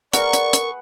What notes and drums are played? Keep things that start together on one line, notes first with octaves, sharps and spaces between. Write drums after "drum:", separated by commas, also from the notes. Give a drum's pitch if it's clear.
G#4 A#4 B4 D5 F#5 C#6, drum: hi-hat
drum: hi-hat
drum: hi-hat